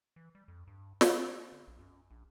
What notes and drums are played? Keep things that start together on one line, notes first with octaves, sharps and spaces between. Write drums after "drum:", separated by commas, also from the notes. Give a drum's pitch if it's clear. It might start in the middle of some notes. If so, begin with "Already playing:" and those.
E3
G3
F2
G2
D4, drum: snare
G#4
D3
A#1
F#2
A#1